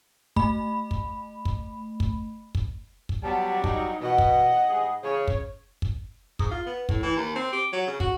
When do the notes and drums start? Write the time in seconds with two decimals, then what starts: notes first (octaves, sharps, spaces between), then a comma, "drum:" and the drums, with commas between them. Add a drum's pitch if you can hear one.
0.36 A3 B5, drum: kick
0.91 drum: kick
1.45 drum: kick
2.00 drum: kick
2.55 drum: kick
3.09 drum: kick
3.23 F#3 G3 B3 A5
3.64 D#4, drum: kick
4.01 B2 D#5 F#5
4.18 drum: kick
4.69 G#2 G3 G#4
5.04 C#3 C#5
5.28 drum: kick
5.82 drum: kick
6.39 G#2, drum: kick
6.51 F4
6.66 B3
6.89 A2, drum: kick
7.03 E3
7.16 D#2
7.35 C4
7.52 G4
7.73 F#3
7.87 C#3
8.00 F#4, drum: kick